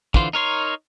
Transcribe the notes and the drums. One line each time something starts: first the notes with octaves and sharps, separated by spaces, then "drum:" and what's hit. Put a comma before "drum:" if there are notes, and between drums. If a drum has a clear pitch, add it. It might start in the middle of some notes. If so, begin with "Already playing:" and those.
D3 E3 F4 C5, drum: kick
D#4 A#4 C#5 C6